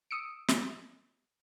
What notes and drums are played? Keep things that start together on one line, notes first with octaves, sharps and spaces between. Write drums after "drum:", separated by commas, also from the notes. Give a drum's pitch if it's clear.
D#6 E6 C#7 D7
drum: snare